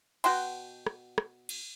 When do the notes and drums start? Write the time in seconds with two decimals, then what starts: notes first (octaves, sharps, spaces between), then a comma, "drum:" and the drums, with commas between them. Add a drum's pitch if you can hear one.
0.24 B2 F#4 G5 C6, drum: cymbal
0.87 drum: rim click
1.18 drum: rim click
1.49 drum: cymbal